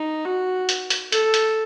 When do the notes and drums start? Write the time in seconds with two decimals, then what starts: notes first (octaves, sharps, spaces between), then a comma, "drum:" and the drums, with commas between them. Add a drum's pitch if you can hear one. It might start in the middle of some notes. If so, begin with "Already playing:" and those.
Already playing: D#4
0.25 F#4
0.69 drum: hi-hat
0.90 drum: hi-hat
1.12 A4, drum: hi-hat
1.34 drum: hi-hat